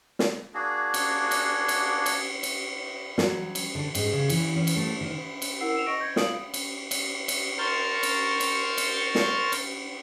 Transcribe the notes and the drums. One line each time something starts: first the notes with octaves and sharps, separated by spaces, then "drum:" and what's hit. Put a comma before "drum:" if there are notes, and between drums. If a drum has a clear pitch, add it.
drum: snare
A#3 D4 F#4 G#4
drum: cymbal
drum: cymbal
drum: cymbal
drum: cymbal
drum: cymbal
F#3, drum: snare
drum: cymbal
D3
G#2, drum: cymbal
C#3
E3, drum: cymbal
C#4
drum: cymbal
A3
D#3
drum: cymbal
E4 A#4 F#5 E6 C7
E6 E7 F7
D#5 C#6 A#6 D7
G6 G#6 C#7
F4 F5 D#6 D7 F#7, drum: snare
drum: cymbal
drum: cymbal
drum: cymbal
A#4 C5 C#6 F6 G6 A6
drum: cymbal
drum: cymbal
drum: cymbal
drum: snare
drum: cymbal